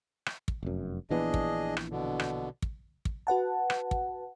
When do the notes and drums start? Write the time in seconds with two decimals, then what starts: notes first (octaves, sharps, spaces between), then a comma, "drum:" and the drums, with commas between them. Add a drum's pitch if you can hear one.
0.26 drum: rim click
0.48 drum: kick
0.63 F1 F#2
1.10 A#1 E3 B3 D4 G#4 D#5
1.34 drum: kick
1.77 drum: rim click
1.91 B2 D3
2.20 drum: rim click
2.62 drum: kick
3.05 drum: kick
3.27 F#4 B4 F#5 A5
3.70 drum: rim click
3.91 drum: kick